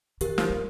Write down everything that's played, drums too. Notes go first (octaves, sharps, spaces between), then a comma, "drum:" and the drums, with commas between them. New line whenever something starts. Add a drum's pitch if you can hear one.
D#3 G4 A#4, drum: hi-hat
F3, drum: snare
G3